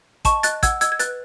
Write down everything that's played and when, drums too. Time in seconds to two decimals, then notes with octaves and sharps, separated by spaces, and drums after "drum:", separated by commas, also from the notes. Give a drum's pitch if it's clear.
0.25 D#5 A5 C#6, drum: kick, hi-hat
0.43 D#5 F#6 A6, drum: hi-hat
0.63 F#5 E6 G#6, drum: kick, hi-hat
0.81 D#5 E6 G#6, drum: hi-hat
0.92 G#6
0.99 B4 F#6 A6, drum: hi-hat